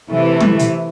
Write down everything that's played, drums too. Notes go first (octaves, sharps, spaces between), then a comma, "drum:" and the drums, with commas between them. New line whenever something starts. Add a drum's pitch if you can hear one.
C3 E3 A3
drum: tom
drum: hi-hat